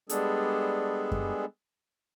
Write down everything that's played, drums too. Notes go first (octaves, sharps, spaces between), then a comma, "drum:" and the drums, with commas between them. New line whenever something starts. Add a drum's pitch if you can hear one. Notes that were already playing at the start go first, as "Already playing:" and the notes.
G3 G#3 B3 D4 G#4 A4, drum: hi-hat
drum: kick F#2